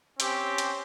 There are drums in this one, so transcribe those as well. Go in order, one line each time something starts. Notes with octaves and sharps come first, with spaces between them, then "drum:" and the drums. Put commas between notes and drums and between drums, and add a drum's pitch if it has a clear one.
C4 C#4 G4, drum: hi-hat
drum: hi-hat